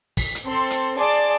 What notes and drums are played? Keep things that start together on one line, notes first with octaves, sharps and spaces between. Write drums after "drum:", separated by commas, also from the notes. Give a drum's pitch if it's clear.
B6, drum: kick, open hi-hat
drum: hi-hat
C4 A4 C6
drum: hi-hat
G#4 D5 A5 C6 D6